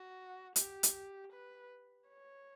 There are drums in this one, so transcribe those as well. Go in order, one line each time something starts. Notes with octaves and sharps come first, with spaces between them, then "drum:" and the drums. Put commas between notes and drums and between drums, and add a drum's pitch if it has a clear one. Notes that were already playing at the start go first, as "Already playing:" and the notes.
Already playing: F#4
G4, drum: hi-hat
drum: hi-hat
B4
C#5